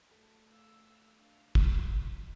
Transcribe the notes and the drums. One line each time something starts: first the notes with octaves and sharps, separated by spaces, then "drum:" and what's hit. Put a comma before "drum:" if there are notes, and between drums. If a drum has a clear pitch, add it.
A3
F5 E6
D4 F5
D5 F5, drum: kick
D#4 F4 B6